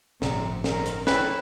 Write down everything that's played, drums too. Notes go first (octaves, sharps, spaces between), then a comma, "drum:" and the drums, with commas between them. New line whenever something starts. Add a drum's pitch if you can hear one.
G1 A2 C3 F3 A#5, drum: snare
D#3 C4 A#4, drum: snare
drum: hi-hat
E4 A4 B4 C#5 G5, drum: snare